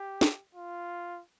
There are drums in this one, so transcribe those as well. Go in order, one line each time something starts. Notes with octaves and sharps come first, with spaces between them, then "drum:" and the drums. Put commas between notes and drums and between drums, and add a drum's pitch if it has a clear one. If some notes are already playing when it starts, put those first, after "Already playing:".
Already playing: G4
drum: snare
F4